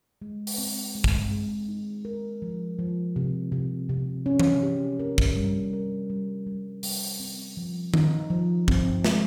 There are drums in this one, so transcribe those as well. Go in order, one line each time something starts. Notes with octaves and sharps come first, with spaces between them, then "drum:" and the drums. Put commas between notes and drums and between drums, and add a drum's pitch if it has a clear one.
G#3
drum: open hi-hat
C4
G#3
drum: kick
G#3
D#4
A#4
F3
F3
C3
C3
C3
C#4
drum: tom E3
G4
A#4
drum: kick
G3
A#4
G3
G3
G3, drum: open hi-hat
C4
F3
D#4, drum: tom D#3
F3
C4, drum: kick
G#3, drum: snare